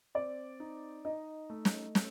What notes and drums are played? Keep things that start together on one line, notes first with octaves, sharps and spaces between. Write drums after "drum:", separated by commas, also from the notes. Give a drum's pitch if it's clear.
C4 D5
D#4
D#4 D#5
A3
drum: snare
A3, drum: snare